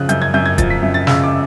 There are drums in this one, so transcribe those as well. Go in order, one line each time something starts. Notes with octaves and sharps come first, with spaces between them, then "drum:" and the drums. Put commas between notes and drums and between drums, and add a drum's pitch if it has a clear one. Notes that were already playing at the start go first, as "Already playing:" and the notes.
Already playing: C#3 F3 F#6
F#2 G6, drum: hi-hat
G#6
F#2 G6
G#6
F3 A6, drum: kick D#1, hi-hat
B6
F#2
A6
C#3 E6, drum: snare
D6